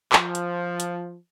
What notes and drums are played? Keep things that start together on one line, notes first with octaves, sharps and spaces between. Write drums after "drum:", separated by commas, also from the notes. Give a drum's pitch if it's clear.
F3, drum: clap
drum: hi-hat
drum: hi-hat